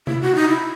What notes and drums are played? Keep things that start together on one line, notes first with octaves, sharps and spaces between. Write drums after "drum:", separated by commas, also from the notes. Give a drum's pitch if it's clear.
E4, drum: tom C3
F#4
D#4
E4